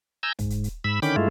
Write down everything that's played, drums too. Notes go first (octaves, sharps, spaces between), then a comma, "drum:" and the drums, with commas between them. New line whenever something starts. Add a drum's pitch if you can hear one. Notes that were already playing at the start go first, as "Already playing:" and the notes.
G#5 A#5 E6 G6
G#2, drum: kick, hi-hat
drum: hi-hat
drum: hi-hat
G#2 B5 E6
D3 D#3 C#4 G5 B5 D6, drum: hi-hat
G2 G#3 A3 E4 F4